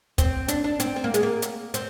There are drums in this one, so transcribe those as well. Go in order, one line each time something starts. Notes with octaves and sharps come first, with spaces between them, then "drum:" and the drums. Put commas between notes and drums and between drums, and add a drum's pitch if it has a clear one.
C4, drum: kick, hi-hat
D4, drum: hi-hat
D4
C4, drum: hi-hat
C4
A#3
G#3, drum: hi-hat
A#3
drum: hi-hat
C4, drum: hi-hat